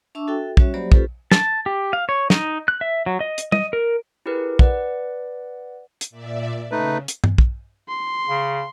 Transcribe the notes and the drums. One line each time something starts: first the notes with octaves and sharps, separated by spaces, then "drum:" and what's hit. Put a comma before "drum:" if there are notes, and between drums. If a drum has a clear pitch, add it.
D4 E5 A5 C#6 D6 E6
F#4 A4 E5 G5
G3 C#4 F#4 C#5 E5, drum: kick
F#3 A#3 G4 C5 D5 B5
C#4 F4 G4 A4 B4 C5, drum: kick
A5, drum: snare
G4
F5
C#5
D#4, drum: snare
F#6
E5
F#3
D#5
drum: hi-hat
D#5, drum: tom
A#4
E4 G4 G#4 A#4 B4
B4 D5 F#5, drum: kick
drum: hi-hat
A#2 D5 E5
C#3 A3 D#4 B4
drum: hi-hat
drum: tom G2
drum: kick
C6
C#3